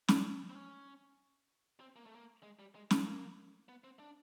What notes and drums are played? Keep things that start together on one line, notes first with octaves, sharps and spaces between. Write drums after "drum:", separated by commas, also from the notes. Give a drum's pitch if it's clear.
D4, drum: snare
C4
C#4
C4
A#3
A3
A#3
G#3
G3
G#3
A3, drum: snare
A#3
B3
C4
D4